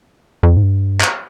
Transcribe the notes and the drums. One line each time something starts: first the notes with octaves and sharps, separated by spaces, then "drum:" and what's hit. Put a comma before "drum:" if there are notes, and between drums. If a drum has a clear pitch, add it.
F2
G#2
G2
drum: clap